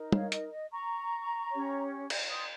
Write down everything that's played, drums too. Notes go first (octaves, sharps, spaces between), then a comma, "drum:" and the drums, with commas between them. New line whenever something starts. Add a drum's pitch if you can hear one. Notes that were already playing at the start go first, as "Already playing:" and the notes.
Already playing: D#4 A#4
C#5 F5, drum: tom
D#5, drum: hi-hat
D#5
A#5 C#6
C#4 G4 C#5
drum: cymbal
C6 D#6